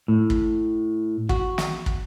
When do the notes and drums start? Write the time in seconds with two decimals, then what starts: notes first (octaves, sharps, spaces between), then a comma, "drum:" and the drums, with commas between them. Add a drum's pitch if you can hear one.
0.08 A2
0.30 drum: kick
1.29 F#4, drum: kick
1.58 drum: snare
1.86 drum: kick